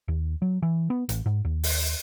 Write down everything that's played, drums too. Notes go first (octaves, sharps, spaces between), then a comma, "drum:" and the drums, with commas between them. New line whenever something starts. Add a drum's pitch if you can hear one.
D#2
F#3
E3
B3
A1, drum: hi-hat
G#2
D#2
drum: open hi-hat